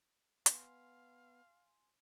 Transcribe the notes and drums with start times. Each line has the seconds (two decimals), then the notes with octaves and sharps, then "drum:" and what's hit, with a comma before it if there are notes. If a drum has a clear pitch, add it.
0.46 B3 F5 G#5 C6, drum: hi-hat